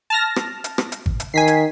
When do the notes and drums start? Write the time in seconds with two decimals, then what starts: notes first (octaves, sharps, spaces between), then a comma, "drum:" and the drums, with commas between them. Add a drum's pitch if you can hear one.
0.10 A5 F6 A#6
0.36 drum: rim click
0.64 drum: hi-hat
0.78 drum: rim click
0.92 drum: hi-hat
1.06 drum: kick G#1
1.20 drum: hi-hat
1.34 D#3 G#5 B6 C7
1.48 drum: hi-hat